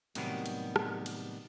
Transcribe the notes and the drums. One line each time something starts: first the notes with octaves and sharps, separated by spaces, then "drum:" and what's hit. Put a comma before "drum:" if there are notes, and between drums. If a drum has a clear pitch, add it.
A2 C3 D#3 F#3 G3 B3, drum: cymbal
drum: cymbal
drum: rim click
drum: cymbal